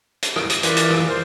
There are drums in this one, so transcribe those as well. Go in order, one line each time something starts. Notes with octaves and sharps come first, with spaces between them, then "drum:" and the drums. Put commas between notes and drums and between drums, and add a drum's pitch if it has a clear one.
drum: hi-hat
drum: rim click
drum: hi-hat
E3 F4 A#4 B4 D5, drum: hi-hat
drum: hi-hat
drum: rim click
A#4 C5